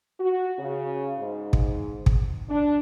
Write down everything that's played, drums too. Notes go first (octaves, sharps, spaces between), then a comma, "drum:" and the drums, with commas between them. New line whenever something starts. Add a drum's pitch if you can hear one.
F#4
C#3
G#2
drum: kick
drum: kick
D4